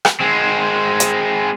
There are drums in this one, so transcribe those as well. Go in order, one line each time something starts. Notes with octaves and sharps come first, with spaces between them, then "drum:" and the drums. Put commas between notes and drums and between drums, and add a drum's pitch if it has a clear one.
drum: rim click
G#3 C4
drum: hi-hat